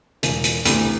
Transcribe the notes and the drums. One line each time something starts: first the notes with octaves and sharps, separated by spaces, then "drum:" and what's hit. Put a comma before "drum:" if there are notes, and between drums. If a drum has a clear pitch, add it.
E1, drum: hi-hat
drum: hi-hat
D2 C3 E3, drum: hi-hat